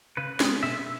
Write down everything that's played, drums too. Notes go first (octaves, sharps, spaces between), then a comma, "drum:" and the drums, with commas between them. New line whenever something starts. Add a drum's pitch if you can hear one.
C#3 B4
G#3 B3, drum: snare
B2 E5